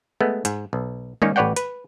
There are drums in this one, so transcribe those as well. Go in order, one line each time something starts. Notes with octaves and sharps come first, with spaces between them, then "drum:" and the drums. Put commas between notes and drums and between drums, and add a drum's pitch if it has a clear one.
G#3 A3 B3
G#2, drum: hi-hat
B1
D#3 A#3 C#4 D#4 C#5 D5, drum: tom
A1 B4 C#5 D5 F#5 G5
B4, drum: hi-hat